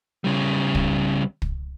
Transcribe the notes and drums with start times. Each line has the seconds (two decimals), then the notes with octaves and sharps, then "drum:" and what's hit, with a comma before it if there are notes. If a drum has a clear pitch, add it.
0.24 C#3 G3
0.75 drum: kick
1.42 drum: kick